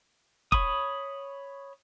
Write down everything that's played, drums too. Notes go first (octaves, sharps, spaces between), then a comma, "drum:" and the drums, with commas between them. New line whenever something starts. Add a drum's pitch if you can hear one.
C#5 B5 C#6 D#6, drum: kick